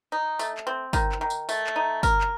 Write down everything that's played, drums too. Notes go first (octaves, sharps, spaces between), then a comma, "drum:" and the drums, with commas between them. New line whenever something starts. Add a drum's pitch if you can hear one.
D#4
A3, drum: tambourine
drum: clap
C4
D#3, drum: kick, tambourine
drum: clap
D#3
drum: tambourine
A3, drum: tambourine
drum: clap
D#4
A#4, drum: kick, tambourine
drum: clap